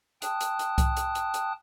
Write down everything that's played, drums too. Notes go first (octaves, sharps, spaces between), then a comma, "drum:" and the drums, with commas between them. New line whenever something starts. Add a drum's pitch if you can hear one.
G5 A5 D#6 F#6, drum: hi-hat
drum: hi-hat
drum: hi-hat
drum: kick C2, hi-hat
drum: hi-hat
drum: hi-hat
drum: hi-hat